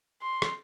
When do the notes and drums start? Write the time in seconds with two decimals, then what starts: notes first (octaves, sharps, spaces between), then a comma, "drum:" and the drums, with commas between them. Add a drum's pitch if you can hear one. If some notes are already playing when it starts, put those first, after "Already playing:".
0.22 C6
0.42 drum: rim click